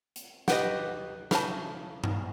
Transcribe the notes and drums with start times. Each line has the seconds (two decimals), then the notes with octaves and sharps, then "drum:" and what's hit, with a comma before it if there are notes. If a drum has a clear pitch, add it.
0.16 drum: hi-hat
0.48 G4 B4 D#5 F#5, drum: snare
1.31 C#3 E3 A5, drum: snare
2.04 drum: tom G2